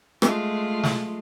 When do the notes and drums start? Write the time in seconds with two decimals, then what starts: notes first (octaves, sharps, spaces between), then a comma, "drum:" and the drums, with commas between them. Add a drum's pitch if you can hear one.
0.22 G#3 A3 F4, drum: rim click
0.83 drum: snare